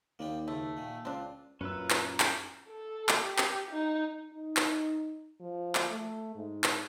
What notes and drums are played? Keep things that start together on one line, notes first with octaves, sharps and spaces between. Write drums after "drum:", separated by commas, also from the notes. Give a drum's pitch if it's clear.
D#2 A#3 D4 G4
C#2 A3
A#2 D#3
C#2 C4 D4 F4
F#2 A#2 C#4 F4 B4 A#5 E6
drum: clap
drum: clap
A4
drum: clap
G4
drum: clap
D#4
D#4
drum: clap
F3
drum: clap
A3
G#2
drum: clap